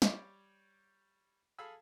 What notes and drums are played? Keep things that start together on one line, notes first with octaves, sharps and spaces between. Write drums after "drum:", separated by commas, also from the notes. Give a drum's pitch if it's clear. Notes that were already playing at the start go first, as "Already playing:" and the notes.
G3 C#5 D6, drum: snare
G#4 A4 F5 G#5 B5 E6